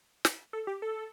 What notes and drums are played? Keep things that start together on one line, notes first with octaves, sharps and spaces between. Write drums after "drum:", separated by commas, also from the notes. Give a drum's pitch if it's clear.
drum: snare
A4
G4
A4